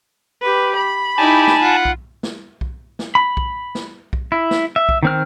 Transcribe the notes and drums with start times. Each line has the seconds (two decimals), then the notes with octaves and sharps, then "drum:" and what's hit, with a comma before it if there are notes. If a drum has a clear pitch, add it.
0.42 G4 B4
0.76 B5
1.18 D#4 E4 G4 G#5 A5
1.47 drum: snare
1.62 F4 F#5
1.85 drum: kick B1
2.23 drum: snare
2.61 drum: kick B1
2.99 drum: snare
3.15 B5
3.37 drum: kick B1
3.75 drum: snare
4.13 drum: kick B1
4.32 E4
4.51 drum: snare
4.76 E5
4.89 drum: kick B1
5.03 D#3 C4 F6